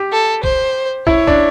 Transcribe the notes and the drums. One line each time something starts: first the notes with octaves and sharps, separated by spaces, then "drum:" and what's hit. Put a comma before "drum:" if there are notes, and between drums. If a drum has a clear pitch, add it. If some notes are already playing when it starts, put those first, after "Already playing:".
Already playing: G4
A4
C5, drum: kick
E4 C#5, drum: kick
D4, drum: kick